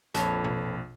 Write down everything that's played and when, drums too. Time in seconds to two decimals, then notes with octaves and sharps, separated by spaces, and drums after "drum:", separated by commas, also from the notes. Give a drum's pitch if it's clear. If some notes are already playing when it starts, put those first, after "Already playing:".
0.14 A#1 F2 A4 B4 C#5, drum: hi-hat
0.44 drum: tom B2